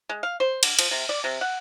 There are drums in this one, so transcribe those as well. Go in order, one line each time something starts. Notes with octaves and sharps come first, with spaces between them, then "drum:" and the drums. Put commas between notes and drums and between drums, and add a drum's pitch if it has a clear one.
G#3
F5
C5
D3, drum: cymbal
F3, drum: cymbal
C3
D5
C3
F#5